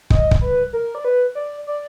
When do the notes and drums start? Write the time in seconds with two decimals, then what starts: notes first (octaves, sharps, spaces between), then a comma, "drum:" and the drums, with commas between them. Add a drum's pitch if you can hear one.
0.10 D#5, drum: kick
0.31 drum: kick
0.41 B4
0.73 A#4
0.95 D5
1.05 B4
1.35 D5
1.67 D5